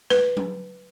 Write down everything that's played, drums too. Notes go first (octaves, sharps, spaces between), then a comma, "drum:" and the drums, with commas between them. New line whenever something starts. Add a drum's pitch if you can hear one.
B4, drum: snare
drum: tom F#3